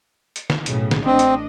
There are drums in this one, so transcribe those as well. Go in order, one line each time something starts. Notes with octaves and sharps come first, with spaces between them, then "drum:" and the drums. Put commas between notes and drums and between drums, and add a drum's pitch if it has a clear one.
drum: hi-hat
drum: snare
B1 A2 C#3, drum: hi-hat
drum: snare
A1 C4 D4 D#5
drum: hi-hat